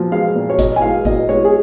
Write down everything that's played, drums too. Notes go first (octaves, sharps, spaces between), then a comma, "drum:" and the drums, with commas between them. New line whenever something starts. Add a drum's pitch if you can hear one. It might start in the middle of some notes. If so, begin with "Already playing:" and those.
Already playing: A#2 F3
G#3 F5
A#2
C#5
A#2 D#5, drum: kick G#1, hi-hat
G#5
G#3 F5
A#2 D#5, drum: kick G#1
G#3 C#5
G#4